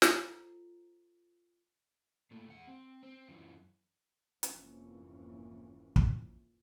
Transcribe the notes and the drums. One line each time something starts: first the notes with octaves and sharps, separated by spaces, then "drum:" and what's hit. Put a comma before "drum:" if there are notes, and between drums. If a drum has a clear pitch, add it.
F4 A4 C5 A#5, drum: snare
A#2 A3
E2 F#5
C4
C4
F#2 E3
F1 F2 G#2 E3 A#3 C#4, drum: hi-hat
drum: kick